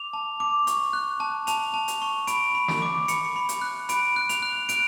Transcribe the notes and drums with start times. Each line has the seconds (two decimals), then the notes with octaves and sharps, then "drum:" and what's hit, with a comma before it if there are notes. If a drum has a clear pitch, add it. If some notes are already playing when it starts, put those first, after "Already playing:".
Already playing: D6 F7
0.13 A5
0.40 D6
0.67 C#6, drum: hi-hat
0.93 F#6
1.20 A5
1.47 A5 F7, drum: hi-hat
1.74 A5
1.88 drum: hi-hat
2.02 C#6
2.27 B5 D7, drum: hi-hat
2.55 B5
2.68 drum: snare
2.82 D6
3.08 B5 C#7, drum: hi-hat
3.36 B5
3.49 drum: hi-hat
3.62 F#6
3.89 B5 D7, drum: hi-hat
4.16 F#6
4.29 F7, drum: hi-hat
4.42 F#6
4.69 F#6 D7, drum: hi-hat